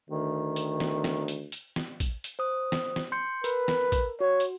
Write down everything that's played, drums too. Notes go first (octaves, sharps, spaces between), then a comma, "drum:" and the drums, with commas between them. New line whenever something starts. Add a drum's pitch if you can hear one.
D2 D#3
drum: hi-hat
drum: snare
drum: snare
drum: hi-hat
drum: hi-hat
drum: snare
drum: kick, hi-hat
drum: hi-hat
C5 D#6
drum: snare
drum: snare
C6 G6 C#7
A#4 B4, drum: hi-hat
drum: snare
drum: kick, hi-hat
F#4 C#5
drum: hi-hat